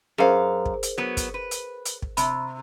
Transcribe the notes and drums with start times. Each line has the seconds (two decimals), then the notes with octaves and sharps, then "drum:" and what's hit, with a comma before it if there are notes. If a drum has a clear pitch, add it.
0.18 F#2 G#4 A#4 C5 F5
0.66 drum: kick
0.83 drum: hi-hat
0.98 F#3 B3
1.17 drum: kick, hi-hat
1.34 B4
1.51 drum: hi-hat
1.85 drum: hi-hat
2.02 drum: kick
2.17 C3 B5, drum: hi-hat